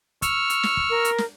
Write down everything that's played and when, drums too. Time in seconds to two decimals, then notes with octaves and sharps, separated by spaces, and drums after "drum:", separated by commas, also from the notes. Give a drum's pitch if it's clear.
0.22 C#6 E6 F6, drum: kick, hi-hat
0.50 drum: hi-hat
0.63 drum: snare
0.77 drum: kick
0.90 A#4
1.05 drum: hi-hat
1.18 drum: snare